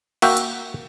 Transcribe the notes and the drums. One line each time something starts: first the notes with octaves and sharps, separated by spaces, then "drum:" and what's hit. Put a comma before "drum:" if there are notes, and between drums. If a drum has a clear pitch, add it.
A#3 F#4 E5 G5, drum: cymbal
drum: hi-hat